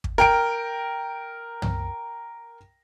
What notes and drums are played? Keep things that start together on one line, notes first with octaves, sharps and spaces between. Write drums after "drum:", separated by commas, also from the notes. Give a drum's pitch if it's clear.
drum: kick
A#4 G5 D7
drum: tom